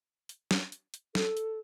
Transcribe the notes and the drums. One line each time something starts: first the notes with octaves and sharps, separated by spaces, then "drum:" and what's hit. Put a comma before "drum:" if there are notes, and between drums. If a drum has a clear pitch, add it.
drum: hi-hat
drum: snare
drum: hi-hat
drum: hi-hat
A4, drum: snare
drum: hi-hat